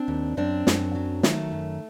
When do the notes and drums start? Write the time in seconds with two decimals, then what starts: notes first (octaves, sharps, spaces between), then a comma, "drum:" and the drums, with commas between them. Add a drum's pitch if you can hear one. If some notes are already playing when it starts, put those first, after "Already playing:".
Already playing: C4 D4
0.08 D#2
0.37 F#2 C4 D4
0.67 F#2, drum: snare
0.95 F#3
1.23 D#3 A3, drum: snare
1.52 F#2